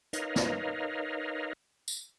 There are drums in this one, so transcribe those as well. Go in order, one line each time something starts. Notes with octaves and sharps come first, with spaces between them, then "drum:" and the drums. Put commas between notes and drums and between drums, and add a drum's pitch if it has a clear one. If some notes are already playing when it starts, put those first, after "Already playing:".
D#4 A#4 B4 C#5 D#5 F5, drum: hi-hat
drum: snare
drum: tambourine